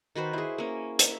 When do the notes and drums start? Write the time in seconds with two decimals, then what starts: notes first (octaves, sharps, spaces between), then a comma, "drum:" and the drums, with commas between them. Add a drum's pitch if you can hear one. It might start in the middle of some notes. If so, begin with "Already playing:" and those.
0.15 D#3 F#4 B4 C5
0.33 E4 G#4
0.58 A#3 C#4
0.99 E5, drum: hi-hat